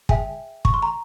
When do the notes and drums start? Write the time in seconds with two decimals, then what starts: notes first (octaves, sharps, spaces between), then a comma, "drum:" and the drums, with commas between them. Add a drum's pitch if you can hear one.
0.09 G#4 E5 G5 G#5, drum: kick
0.65 C#6, drum: kick
0.74 C6
0.82 A#5